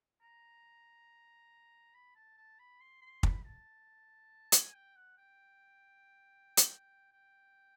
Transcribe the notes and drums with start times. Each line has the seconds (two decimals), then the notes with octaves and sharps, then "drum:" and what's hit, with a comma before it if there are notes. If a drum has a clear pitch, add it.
0.21 A#5
1.94 B5
2.15 A5
2.37 A5
2.59 B5
2.81 C6
3.01 C6
3.23 B5, drum: kick
3.45 A5
4.52 G#5, drum: hi-hat
4.74 G5
4.96 F#5
5.17 G5
6.57 drum: hi-hat
7.12 G5